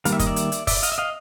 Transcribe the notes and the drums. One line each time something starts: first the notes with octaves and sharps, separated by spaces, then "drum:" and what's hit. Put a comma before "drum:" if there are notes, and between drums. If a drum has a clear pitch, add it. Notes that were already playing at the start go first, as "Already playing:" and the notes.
D#3 G3 A#3 F5, drum: hi-hat
E5
D#5, drum: kick, hi-hat
D5 E5
drum: hi-hat
drum: hi-hat
D5 E5, drum: kick, open hi-hat
D#5 F5, drum: hi-hat
E5
D#5 F5